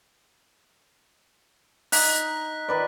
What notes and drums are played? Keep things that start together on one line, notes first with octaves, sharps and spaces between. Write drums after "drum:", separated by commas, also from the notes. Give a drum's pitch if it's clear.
D#4 F#6 B6, drum: open hi-hat
D#3 B4 D5